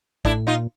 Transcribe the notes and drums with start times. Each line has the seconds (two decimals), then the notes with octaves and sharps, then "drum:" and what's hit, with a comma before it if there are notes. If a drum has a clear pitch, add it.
0.25 A2 D4 E4, drum: kick A1
0.47 A#2 D#4 F4